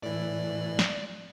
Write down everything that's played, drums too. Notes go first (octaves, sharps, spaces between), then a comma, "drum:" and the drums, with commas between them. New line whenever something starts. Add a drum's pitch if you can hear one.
A2 E3 D5
drum: snare